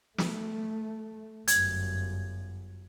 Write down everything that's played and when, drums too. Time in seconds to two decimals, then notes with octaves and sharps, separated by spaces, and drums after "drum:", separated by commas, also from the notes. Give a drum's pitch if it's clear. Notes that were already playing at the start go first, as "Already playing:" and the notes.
0.18 A3, drum: snare
1.48 G1 F#2 G#6, drum: hi-hat